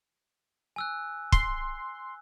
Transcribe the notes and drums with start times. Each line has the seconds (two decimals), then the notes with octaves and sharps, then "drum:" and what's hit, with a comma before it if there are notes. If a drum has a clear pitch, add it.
0.76 G#5 E6 F#6
1.32 C6, drum: kick